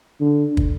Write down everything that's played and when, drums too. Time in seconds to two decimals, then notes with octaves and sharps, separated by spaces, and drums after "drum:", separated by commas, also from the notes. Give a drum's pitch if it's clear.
0.21 D3
0.57 drum: kick